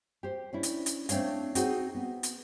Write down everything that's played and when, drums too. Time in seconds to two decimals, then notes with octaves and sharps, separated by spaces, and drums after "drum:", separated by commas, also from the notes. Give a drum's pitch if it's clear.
0.23 G4 C5
0.53 C#4 D4 E4
0.63 drum: hi-hat
0.86 drum: hi-hat
1.09 A3 C4 D4 C#5 F5, drum: hi-hat
1.55 C4 D#4 F#4 G#4, drum: hi-hat
1.95 B3
2.23 drum: hi-hat